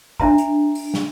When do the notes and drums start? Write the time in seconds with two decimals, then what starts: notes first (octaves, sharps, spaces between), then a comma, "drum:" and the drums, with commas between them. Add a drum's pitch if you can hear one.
0.20 D4 E5 A#5, drum: kick
0.38 drum: hi-hat
0.75 drum: open hi-hat
0.94 drum: snare